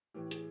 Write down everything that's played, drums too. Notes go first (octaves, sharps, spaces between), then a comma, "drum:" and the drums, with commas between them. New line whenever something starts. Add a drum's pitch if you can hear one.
A2 E3 G4
G#4, drum: hi-hat